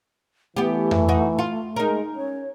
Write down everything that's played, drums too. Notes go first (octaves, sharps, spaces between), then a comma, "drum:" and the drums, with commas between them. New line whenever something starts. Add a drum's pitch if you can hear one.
E3 A3 B3 G4
drum: tom F2
D#4 F#4
F4
G#3 D#4 A#4
C#4 C#5